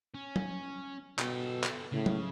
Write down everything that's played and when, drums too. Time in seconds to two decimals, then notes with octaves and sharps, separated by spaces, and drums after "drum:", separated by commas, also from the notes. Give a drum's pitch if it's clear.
0.14 C#4
0.36 drum: tom F#3
1.19 B2 G4 A4, drum: clap
1.64 drum: clap
1.93 A2 C#3
2.06 drum: tom F#3